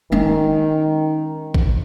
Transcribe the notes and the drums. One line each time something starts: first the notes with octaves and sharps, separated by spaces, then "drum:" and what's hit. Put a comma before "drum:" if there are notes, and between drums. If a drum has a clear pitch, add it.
D#3 G#3 C#4
drum: kick